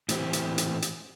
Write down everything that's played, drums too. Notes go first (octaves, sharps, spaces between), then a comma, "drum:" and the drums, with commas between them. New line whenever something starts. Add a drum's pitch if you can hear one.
A2 E3 C4 G4, drum: hi-hat
drum: hi-hat
drum: hi-hat
drum: hi-hat